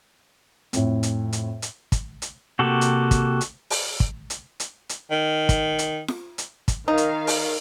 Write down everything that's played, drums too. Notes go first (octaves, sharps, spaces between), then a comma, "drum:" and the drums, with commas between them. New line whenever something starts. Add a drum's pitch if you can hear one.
F2 A2, drum: hi-hat
drum: hi-hat
drum: hi-hat
drum: hi-hat
drum: kick, hi-hat
drum: hi-hat
C3 A#3 F#4 G4 A4
drum: hi-hat
drum: kick, hi-hat
drum: hi-hat
drum: open hi-hat
drum: kick
drum: hi-hat
drum: hi-hat
drum: hi-hat
D#3
drum: kick, hi-hat
drum: hi-hat
drum: snare F4
drum: hi-hat
drum: kick, hi-hat
D#3 D#4 F5
drum: hi-hat
drum: open hi-hat